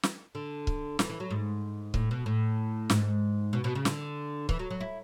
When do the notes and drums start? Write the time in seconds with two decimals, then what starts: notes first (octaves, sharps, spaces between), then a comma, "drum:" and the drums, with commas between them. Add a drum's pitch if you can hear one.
0.03 drum: snare
0.35 D3
0.67 drum: kick C#1
0.99 E3, drum: snare
1.10 E3
1.20 F#3
1.31 G#2
1.94 A2, drum: kick C#1
2.11 B2
2.26 A2
2.90 G#2, drum: snare
3.53 B2
3.64 B2
3.75 C#3
3.85 D3, drum: snare
4.49 E3, drum: kick C#1
4.59 F#3
4.71 F#3
4.81 E4